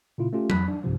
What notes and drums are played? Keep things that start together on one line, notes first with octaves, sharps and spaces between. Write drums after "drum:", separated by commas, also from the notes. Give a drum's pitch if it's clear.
A#2 C#3 E4 F4
A3 C#4 F4 G4
F2 B5 F#6 B6, drum: tom F#3
D4
B1 G2 C3 F3